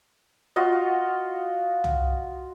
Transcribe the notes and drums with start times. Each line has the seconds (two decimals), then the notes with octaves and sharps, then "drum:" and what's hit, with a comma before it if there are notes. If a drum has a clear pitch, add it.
0.56 F4 F#4 D#5
1.84 drum: tom